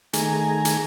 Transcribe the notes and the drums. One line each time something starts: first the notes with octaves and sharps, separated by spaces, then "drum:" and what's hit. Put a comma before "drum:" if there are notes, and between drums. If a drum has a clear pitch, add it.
D#3 A3 G#4 G#5 A#5, drum: hi-hat
drum: hi-hat